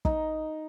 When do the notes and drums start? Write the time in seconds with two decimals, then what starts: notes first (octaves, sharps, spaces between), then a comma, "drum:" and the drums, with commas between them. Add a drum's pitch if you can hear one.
0.05 D#4, drum: kick